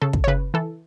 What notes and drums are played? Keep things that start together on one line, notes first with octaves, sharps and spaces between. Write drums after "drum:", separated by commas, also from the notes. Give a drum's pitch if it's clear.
C#3 A4
drum: kick
C#5
C#3 B4
E3 A4